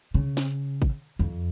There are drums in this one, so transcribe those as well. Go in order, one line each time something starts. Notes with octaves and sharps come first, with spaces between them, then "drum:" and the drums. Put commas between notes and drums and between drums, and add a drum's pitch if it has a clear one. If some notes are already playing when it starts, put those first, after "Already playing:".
C#3
drum: snare C4
drum: kick G#1
F2